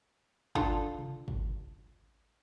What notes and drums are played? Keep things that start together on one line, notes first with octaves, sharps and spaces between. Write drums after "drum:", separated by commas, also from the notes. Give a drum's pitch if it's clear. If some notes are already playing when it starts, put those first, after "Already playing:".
D4 F4 A4, drum: kick
drum: tom C3
drum: kick